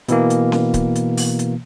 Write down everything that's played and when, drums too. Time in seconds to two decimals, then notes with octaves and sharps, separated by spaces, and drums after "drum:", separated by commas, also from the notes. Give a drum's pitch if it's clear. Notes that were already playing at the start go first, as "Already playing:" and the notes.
0.08 B2 E3 A#3, drum: hi-hat
0.30 drum: hi-hat
0.52 drum: snare C#4
0.74 drum: kick D1, hi-hat
0.96 drum: hi-hat
1.17 drum: open hi-hat
1.39 drum: hi-hat